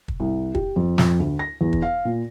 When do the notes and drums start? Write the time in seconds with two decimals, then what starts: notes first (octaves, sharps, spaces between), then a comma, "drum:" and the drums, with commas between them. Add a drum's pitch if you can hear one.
0.08 drum: kick
0.20 C2
0.55 G4, drum: kick
0.76 F2
0.98 F2, drum: snare
1.20 D2
1.39 A#6
1.61 E2
1.73 drum: kick
1.82 F5
2.05 A#2